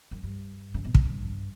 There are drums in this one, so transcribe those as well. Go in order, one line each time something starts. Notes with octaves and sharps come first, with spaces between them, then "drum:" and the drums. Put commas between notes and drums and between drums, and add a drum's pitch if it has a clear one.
F#2
G2
C#3
B2
A2, drum: kick
G2